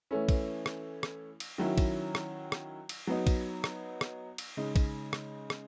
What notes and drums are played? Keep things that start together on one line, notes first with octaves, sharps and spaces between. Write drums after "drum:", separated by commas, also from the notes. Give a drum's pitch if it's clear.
E3 A3 C#4 E4
drum: kick, cymbal
drum: rim click
drum: rim click
drum: cymbal
D#3 F#3 C#4 E4
drum: kick, cymbal
drum: rim click
drum: rim click
drum: cymbal
F#3 B3 D#4
drum: kick, cymbal
drum: rim click
drum: rim click
drum: cymbal
C#3 G#3 D#4
drum: kick, cymbal
drum: rim click
drum: rim click